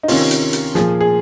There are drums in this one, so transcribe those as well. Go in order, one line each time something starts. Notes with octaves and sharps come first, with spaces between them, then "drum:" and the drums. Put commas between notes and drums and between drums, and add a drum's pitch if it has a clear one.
D#4
C3 D#3 C#4 F4, drum: open hi-hat
drum: hi-hat
drum: hi-hat
A#2 F3 F4 G#4, drum: snare
G#4